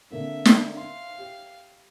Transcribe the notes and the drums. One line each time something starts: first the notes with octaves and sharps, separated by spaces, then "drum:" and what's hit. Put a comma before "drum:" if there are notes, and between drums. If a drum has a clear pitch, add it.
D3 A#3 C4 E5
drum: snare
F5 C6
G4